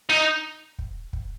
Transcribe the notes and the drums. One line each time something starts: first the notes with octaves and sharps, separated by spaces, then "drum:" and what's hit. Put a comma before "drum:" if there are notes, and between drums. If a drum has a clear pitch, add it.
D#4
drum: kick
drum: kick